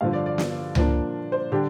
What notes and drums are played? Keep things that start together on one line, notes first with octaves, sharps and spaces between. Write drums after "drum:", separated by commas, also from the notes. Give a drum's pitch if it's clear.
G2 D3 F3 F5
D5
D5
drum: snare
A#2 F3 A#3 D4, drum: tom C#2
C5
D3 G3 D4 G4